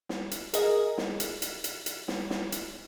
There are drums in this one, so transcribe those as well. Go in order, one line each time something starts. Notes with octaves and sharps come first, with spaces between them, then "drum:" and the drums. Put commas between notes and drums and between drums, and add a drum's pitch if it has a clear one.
drum: snare
drum: hi-hat
G#4 A#4 D#5, drum: hi-hat
drum: snare
drum: hi-hat
drum: hi-hat
drum: hi-hat
drum: hi-hat
drum: snare
drum: snare
drum: hi-hat